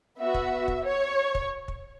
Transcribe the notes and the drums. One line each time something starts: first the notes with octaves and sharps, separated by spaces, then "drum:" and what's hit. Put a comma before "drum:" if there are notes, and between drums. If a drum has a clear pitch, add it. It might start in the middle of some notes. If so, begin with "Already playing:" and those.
B3 F#4 E5
drum: kick
drum: kick
C#5
drum: kick
drum: kick